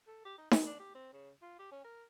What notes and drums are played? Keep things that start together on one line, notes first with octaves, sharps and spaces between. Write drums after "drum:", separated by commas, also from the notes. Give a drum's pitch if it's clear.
A4
G4
D#4
B2, drum: snare D#4
D4
G4
C4
C#3
F4
G4
C#4
A#4